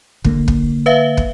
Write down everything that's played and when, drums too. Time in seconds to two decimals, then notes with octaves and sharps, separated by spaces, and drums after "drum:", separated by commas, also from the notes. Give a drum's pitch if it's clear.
0.24 D3 A#3, drum: kick
0.48 drum: kick
0.86 B4 E5 F5
1.17 drum: kick